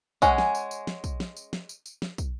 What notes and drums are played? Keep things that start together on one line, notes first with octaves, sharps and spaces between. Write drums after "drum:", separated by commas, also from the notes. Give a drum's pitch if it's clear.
G#3 C#4 F#5, drum: kick, tambourine
drum: snare
drum: tambourine
drum: tambourine
drum: snare
drum: kick, tambourine
drum: snare
drum: tambourine
drum: snare
drum: tambourine
drum: tambourine
drum: snare
drum: kick, tambourine